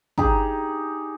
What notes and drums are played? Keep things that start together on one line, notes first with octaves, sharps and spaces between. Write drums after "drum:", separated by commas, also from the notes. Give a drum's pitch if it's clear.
D#4 G4 G#4, drum: kick